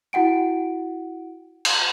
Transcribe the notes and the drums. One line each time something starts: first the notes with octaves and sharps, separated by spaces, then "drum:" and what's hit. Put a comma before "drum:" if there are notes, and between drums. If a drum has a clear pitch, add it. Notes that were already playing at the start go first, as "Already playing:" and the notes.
E4 F#4 F#5 G5 D7
drum: cymbal